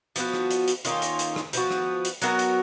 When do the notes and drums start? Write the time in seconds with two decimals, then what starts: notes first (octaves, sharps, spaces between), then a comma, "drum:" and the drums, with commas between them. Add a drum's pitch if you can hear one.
0.16 F3 B3 F#4, drum: hi-hat
0.33 drum: rim click
0.51 drum: hi-hat
0.68 drum: hi-hat
0.85 D#3 A#3 C#4 F4, drum: hi-hat
1.02 drum: hi-hat
1.19 drum: hi-hat
1.36 drum: rim click
1.53 F3 B3 F#4, drum: hi-hat
1.71 drum: rim click
2.05 drum: hi-hat
2.22 F#3 B3 F#4 A#4, drum: hi-hat
2.39 drum: hi-hat